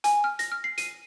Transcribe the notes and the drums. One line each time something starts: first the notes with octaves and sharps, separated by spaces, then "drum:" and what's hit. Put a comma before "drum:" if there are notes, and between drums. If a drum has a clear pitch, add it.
G#5, drum: hi-hat
F6
A#6, drum: hi-hat
F6
C7
D#7, drum: hi-hat